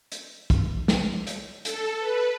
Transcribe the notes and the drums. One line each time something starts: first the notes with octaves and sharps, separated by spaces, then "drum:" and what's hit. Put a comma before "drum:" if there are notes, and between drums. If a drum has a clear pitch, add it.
drum: hi-hat
drum: kick, hi-hat
drum: snare
drum: hi-hat
A4, drum: hi-hat
B4